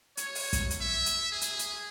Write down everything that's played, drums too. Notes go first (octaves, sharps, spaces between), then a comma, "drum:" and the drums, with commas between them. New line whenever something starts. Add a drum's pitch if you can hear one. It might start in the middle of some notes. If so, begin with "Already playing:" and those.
C#5, drum: hi-hat
drum: open hi-hat
drum: kick, hi-hat
drum: hi-hat
E5
drum: hi-hat
G#4
drum: hi-hat
drum: hi-hat